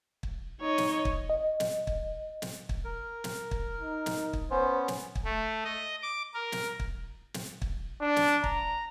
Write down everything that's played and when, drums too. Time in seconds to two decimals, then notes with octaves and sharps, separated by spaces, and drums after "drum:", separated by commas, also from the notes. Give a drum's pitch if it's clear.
0.23 drum: kick
0.61 D#4 C#5 D#5
0.78 drum: snare
1.05 drum: kick
1.30 D#5
1.60 drum: snare
1.87 drum: kick
2.42 drum: snare
2.69 drum: kick
2.84 A#4
3.24 drum: snare
3.51 drum: kick
3.81 D#4
4.06 drum: snare
4.33 drum: kick
4.51 B3 C#4 C5
4.88 drum: snare
5.15 drum: kick
5.25 A3
5.65 D#5
6.02 D6
6.34 A#4
6.52 drum: snare
6.80 drum: kick
7.34 drum: snare
7.62 drum: kick
8.01 D4
8.16 drum: snare
8.44 A#5, drum: kick